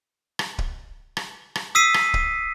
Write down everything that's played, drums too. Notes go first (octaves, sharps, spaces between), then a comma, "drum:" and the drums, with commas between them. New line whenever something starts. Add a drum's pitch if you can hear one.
drum: rim click
drum: kick
drum: rim click
drum: rim click
D#6 E6 B6 C7 D#7
drum: rim click
drum: kick